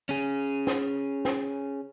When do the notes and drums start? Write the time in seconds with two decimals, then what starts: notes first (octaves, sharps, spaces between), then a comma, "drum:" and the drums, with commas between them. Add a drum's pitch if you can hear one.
0.09 C#4 G#4
0.67 drum: snare
1.25 drum: snare